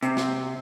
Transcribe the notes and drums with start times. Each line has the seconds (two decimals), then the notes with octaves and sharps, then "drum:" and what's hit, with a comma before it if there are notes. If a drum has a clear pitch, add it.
0.03 C3, drum: hi-hat
0.17 drum: snare